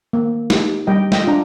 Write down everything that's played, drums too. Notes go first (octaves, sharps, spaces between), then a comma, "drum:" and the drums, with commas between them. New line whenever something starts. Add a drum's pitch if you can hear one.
A#3
D#4 G4, drum: snare
G3 D#5 G5
D#5 G5, drum: snare
D4 F4 A#5